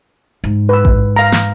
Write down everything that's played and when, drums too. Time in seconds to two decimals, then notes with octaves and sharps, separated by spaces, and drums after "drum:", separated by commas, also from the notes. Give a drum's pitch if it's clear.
0.44 G#2
0.69 B4 E6
0.85 drum: kick A1
1.16 F5 A#5
1.32 drum: snare